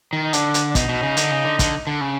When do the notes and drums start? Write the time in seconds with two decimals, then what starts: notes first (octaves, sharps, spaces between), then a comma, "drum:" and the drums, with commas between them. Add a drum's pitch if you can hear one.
0.13 D#3
0.23 D#4
0.33 D3 D4, drum: hi-hat
0.54 drum: hi-hat
0.71 D4
0.75 B2 D#4, drum: kick, hi-hat
0.89 B2
1.03 C#3
1.17 D3, drum: hi-hat
1.31 C#3
1.45 D3
1.59 D3, drum: kick, hi-hat
1.87 D3
2.01 C#3